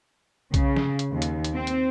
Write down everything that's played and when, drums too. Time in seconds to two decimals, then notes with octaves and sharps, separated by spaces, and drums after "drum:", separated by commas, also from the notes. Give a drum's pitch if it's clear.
0.54 C#3, drum: kick B1, hi-hat
0.77 drum: snare
0.99 drum: hi-hat
1.11 D#2
1.22 drum: hi-hat
1.45 drum: hi-hat
1.54 C4
1.67 drum: hi-hat